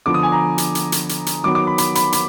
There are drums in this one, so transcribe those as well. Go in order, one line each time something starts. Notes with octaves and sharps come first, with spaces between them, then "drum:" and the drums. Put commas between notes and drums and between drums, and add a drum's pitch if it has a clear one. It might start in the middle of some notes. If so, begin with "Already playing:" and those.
D3 F3 B3 D6
D#6
G#5
A#5
drum: hi-hat
drum: hi-hat
drum: hi-hat
drum: hi-hat
drum: hi-hat
D#3 F#3 B3 D6
D6
B5
B5, drum: hi-hat
B5, drum: hi-hat
B5, drum: hi-hat